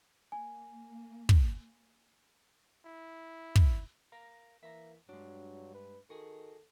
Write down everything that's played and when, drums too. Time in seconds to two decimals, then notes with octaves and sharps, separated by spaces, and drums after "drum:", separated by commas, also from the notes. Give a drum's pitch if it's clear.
0.32 A#3 G#5
1.29 drum: kick
2.85 E4
3.56 drum: kick
4.12 A#4 F5 A#5
4.63 E3 A#3 E5 A#5
5.09 G2 F#3 G#3 D4
5.75 B4
6.10 D#3 F#4 G#4 A4